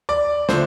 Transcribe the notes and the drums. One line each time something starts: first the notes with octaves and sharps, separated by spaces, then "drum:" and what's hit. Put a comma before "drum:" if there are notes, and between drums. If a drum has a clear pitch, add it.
D5 D6
D3 F3 A3 C5 C6, drum: snare